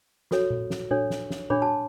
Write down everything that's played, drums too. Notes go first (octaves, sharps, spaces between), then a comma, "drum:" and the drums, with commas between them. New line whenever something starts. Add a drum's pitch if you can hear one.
F#4 A4 C#5, drum: snare
drum: tom A#2
drum: snare
D4 A4 C#5, drum: tom A#2
drum: snare
drum: snare
D4 G#4 C#5 B5, drum: tom A#2
A5